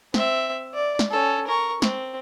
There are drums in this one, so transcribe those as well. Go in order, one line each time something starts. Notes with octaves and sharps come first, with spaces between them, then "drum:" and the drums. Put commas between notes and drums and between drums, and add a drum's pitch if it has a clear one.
C4 E5, drum: snare
D5
drum: snare
C#4 A4
A#4 C#6
C4, drum: snare